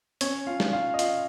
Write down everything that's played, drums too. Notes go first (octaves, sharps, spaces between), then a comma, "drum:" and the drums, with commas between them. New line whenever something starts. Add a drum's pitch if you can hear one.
C#4 C#5, drum: hi-hat
F4 F5
drum: snare
F4 F5
D#5
F4 F5, drum: hi-hat